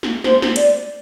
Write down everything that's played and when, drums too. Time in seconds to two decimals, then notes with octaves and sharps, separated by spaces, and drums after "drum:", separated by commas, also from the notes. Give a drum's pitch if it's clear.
0.03 drum: snare
0.24 C5, drum: snare
0.42 drum: snare
0.56 D5, drum: hi-hat